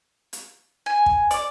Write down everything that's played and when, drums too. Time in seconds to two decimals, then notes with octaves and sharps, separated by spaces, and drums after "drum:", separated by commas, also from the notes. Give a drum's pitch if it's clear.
0.33 drum: hi-hat
0.86 G#5
1.06 drum: kick
1.31 D5, drum: hi-hat